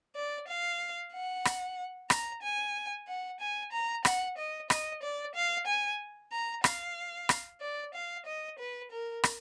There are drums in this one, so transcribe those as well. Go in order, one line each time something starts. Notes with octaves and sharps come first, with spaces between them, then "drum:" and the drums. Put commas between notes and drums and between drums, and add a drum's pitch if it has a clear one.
D5
F5
F#5
drum: rim click
A#5, drum: rim click
G#5
F#5
G#5
A#5
F#5, drum: rim click
D#5
D#5, drum: rim click
D5
F5
G#5
A#5
F5, drum: rim click
drum: rim click
D5
F5
D#5
B4
A#4
drum: rim click